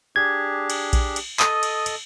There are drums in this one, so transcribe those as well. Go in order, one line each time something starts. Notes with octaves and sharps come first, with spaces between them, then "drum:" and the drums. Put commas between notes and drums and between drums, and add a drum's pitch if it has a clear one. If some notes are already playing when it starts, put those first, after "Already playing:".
D4 G4 G#4 G#6
drum: cymbal
drum: kick A#1, cymbal
drum: cymbal
A4 D#5 D#6, drum: clap
drum: cymbal
drum: cymbal